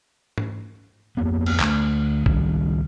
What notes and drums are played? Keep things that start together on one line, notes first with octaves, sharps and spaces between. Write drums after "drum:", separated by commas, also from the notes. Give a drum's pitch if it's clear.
drum: tom G#2
F2 A2 A#3 B3
drum: cymbal
D2 A3, drum: clap
C#2 D#3 G3, drum: kick